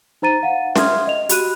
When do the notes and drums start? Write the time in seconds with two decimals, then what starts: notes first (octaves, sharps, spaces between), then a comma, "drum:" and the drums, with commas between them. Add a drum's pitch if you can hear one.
0.22 D#4 C5 A#5 A6 D#7
0.43 F5 F#5
0.76 E5 C6 D#6 F6 G#6, drum: snare
1.07 D#5 F7
1.29 F#4 G4 B5 F#6 D#7, drum: hi-hat